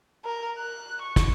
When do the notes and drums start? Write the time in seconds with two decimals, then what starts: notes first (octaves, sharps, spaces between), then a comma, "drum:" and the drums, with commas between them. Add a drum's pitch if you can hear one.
0.25 A#4
0.58 F#6
1.02 C#6
1.16 drum: kick, hi-hat